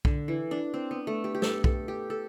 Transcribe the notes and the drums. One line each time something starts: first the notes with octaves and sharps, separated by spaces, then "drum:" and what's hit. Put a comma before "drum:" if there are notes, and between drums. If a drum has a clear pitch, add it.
D3, drum: kick
E3
D4
C4
B3
A3
G4
G4
A4, drum: snare
A4, drum: kick
G4
A4